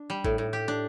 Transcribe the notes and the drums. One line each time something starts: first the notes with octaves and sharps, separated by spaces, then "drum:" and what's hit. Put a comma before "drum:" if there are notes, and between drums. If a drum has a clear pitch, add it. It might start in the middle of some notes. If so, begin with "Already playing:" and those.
Already playing: D4
G3
A2, drum: kick G#1
A2
G4
D4